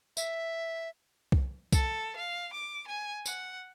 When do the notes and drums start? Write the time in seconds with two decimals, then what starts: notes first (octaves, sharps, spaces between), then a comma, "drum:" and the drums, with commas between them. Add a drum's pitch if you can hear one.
0.17 E5, drum: tambourine
1.32 drum: kick C2
1.72 A4, drum: kick C2, tambourine
2.17 F5
2.54 D6
2.88 G#5
3.26 F#5, drum: tambourine